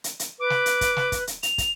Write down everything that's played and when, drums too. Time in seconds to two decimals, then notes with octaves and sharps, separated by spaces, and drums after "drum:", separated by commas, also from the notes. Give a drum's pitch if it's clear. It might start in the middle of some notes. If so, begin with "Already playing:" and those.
0.04 drum: hi-hat
0.19 drum: hi-hat
0.40 B4 D6
0.50 drum: snare
0.66 drum: hi-hat
0.81 drum: kick, hi-hat
0.97 drum: snare
1.12 drum: kick, hi-hat
1.27 drum: hi-hat
1.43 F7, drum: hi-hat
1.58 drum: kick, hi-hat